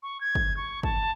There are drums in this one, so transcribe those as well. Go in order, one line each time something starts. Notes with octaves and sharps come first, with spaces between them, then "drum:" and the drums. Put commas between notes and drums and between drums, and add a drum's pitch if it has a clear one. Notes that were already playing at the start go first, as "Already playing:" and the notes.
C#6
G#6
drum: kick
C#6
A5, drum: kick